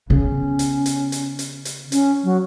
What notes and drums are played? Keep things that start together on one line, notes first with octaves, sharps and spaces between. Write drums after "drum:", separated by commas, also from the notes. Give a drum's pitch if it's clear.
C#3 B3 C#4
drum: hi-hat
drum: hi-hat
drum: hi-hat
drum: hi-hat
drum: hi-hat
C#4, drum: hi-hat
F#3